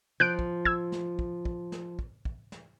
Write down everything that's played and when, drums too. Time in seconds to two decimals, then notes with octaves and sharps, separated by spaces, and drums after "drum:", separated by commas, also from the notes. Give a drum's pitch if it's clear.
0.20 F3 F#6 G6 D7
0.39 drum: kick
0.65 E6 G#6, drum: kick
0.92 drum: snare
1.19 drum: kick
1.45 drum: kick
1.72 drum: snare
1.99 drum: kick
2.25 drum: kick
2.52 drum: snare